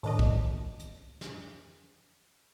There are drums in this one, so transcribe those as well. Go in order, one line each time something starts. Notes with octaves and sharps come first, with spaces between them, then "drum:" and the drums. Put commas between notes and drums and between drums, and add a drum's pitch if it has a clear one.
A2 D#3 D4 D#5, drum: open hi-hat
drum: kick
drum: hi-hat
drum: snare